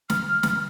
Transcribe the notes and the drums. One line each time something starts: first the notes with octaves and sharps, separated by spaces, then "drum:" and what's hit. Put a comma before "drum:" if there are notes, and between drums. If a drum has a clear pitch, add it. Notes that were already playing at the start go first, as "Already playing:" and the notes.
F6, drum: snare
drum: snare